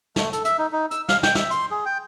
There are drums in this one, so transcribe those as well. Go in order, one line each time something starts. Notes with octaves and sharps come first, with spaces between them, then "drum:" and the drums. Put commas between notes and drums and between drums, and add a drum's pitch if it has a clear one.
A3, drum: snare
A4, drum: hi-hat
E5, drum: hi-hat
D#4
D#4
E6, drum: hi-hat
F5, drum: snare
G5, drum: snare
E5, drum: snare
C6, drum: hi-hat
G#4
G5